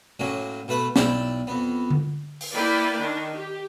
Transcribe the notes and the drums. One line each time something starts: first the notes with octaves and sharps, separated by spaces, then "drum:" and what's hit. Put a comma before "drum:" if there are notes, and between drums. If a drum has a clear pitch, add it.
A2 F#3 A#3 C#4
B2 A3 B4
B1 E4 D5 G5, drum: snare
F2 B3
drum: tom D3
drum: open hi-hat
A#3 E4 B4 D5 G5
D#3 D4
G4